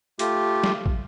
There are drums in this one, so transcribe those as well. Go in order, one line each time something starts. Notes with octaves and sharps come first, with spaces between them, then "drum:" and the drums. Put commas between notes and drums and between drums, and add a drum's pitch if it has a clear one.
A3 F4 G4, drum: hi-hat
drum: snare
drum: kick